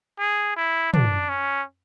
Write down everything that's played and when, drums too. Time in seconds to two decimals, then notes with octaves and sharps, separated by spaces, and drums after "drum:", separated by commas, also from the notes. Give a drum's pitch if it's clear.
0.19 G#4
0.57 E4
0.94 D4, drum: tom
1.29 C#4